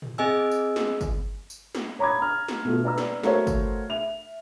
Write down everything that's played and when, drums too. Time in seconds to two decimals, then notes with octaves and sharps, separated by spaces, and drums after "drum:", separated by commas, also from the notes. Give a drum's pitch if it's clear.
0.02 drum: tom
0.18 C4 G#4 D#5 G#5 E6
0.51 drum: tambourine
0.76 drum: snare
1.01 drum: kick, tambourine
1.50 drum: tambourine
1.75 drum: snare
1.99 C#5 A#5 B5 D6 D#6 G#6
2.19 A#5 F6
2.48 drum: snare
2.65 B2 A3 F4
2.84 B4 D5 A#5 E6
2.98 drum: snare
3.23 A3 F#4 A#4 C5 C#5 F5, drum: snare
3.47 drum: kick, tambourine
3.89 E5 F7